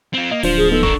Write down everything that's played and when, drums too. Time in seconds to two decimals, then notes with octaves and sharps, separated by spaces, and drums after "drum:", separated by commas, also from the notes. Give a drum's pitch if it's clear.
0.14 C4 F4
0.31 A#3 D#5
0.43 D1 F3 D4 F4 C5, drum: cymbal
0.56 G#4
0.71 B3 D#4 A4
0.83 D4 A#4 C#6, drum: kick